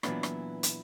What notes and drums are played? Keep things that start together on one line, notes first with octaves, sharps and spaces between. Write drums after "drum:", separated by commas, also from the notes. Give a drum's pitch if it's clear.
A#2 E3 F#3 B3 D4 E4, drum: rim click
drum: rim click
drum: hi-hat